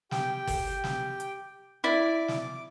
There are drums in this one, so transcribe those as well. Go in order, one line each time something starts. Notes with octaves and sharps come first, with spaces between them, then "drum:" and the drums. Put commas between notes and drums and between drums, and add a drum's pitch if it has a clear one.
G4 G5, drum: snare
drum: kick, open hi-hat
drum: snare
drum: hi-hat
E4 D5 D6
drum: snare